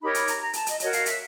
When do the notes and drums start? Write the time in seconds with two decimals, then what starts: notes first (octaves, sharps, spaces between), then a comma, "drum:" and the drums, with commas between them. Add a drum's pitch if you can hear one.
0.01 D#4 G4 A#4 C#5 B5
0.14 B5, drum: hi-hat
0.28 A#5, drum: hi-hat
0.41 A#5
0.53 A5, drum: hi-hat
0.67 D#5, drum: hi-hat
0.80 F#4 A#4 C#5 D#5, drum: hi-hat
0.93 F5, drum: hi-hat
1.06 E5, drum: hi-hat